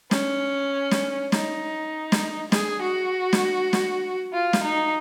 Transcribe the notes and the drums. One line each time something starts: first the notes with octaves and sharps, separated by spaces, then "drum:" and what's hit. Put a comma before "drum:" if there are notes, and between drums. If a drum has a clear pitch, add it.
C#4, drum: snare
drum: snare
D#4, drum: snare
drum: snare
G#4, drum: snare
F#4
drum: snare
drum: snare
F4
drum: snare
D#4